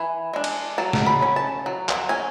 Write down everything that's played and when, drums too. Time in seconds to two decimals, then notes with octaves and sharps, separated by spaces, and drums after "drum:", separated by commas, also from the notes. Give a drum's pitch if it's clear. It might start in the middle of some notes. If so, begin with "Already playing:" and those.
Already playing: E3 G#5
0.33 G#3 D4
0.44 drum: cymbal
0.78 F#3 A5
0.93 drum: snare
1.07 B5
1.22 C#4
1.36 A5
1.66 F#3
1.89 drum: clap
2.09 C#4 G#5